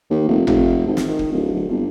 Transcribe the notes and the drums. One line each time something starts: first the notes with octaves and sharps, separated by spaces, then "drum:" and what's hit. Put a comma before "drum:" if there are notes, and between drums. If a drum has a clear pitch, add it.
D#2
F1
F1, drum: tom G#1
G#1
drum: snare
D#3
drum: kick
D1
D1
G1